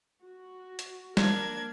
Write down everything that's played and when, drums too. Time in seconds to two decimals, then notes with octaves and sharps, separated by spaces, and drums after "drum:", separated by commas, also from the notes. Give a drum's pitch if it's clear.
0.23 F#4
0.79 drum: hi-hat
1.17 A#3 D4 A#4 G#6, drum: snare